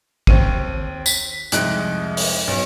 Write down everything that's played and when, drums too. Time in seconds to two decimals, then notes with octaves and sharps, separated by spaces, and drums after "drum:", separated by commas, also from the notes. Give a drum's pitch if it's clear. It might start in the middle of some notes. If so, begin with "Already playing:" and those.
0.27 D#2 C4 D#7, drum: kick
1.06 B6, drum: tambourine
1.52 C2 F2 G#3 D#4 F#6 D7, drum: hi-hat
2.17 drum: open hi-hat
2.47 B1